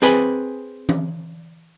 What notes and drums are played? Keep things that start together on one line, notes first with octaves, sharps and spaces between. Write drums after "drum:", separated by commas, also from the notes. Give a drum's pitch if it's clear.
C4 G#4 B4 G#5 B5, drum: hi-hat
drum: tom E3